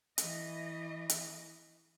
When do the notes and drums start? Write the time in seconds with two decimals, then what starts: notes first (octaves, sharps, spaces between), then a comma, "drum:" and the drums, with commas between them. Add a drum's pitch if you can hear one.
0.18 E3 D#5, drum: hi-hat
1.09 drum: hi-hat